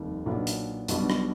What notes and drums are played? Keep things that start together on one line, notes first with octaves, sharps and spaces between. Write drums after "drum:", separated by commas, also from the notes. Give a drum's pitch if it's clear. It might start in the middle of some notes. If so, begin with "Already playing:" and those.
Already playing: F1 D#2 D#3 G3
B1 A#2 F#3 B3 D4
drum: hi-hat
B1 B2 G3 B3 D4, drum: hi-hat
drum: rim click